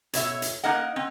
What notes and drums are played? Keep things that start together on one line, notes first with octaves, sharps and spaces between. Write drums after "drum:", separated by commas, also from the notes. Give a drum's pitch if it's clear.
B2 C#5 E5, drum: hi-hat
drum: hi-hat
A#3 D#4 A#4 D#5 F#5
C4